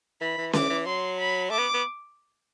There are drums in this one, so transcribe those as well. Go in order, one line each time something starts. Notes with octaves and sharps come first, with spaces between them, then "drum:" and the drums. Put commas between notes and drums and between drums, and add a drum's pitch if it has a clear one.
E3 B5
E3
E3 D6, drum: snare C#4
E3
F#3 C6
B5
A3 D6
B3
B3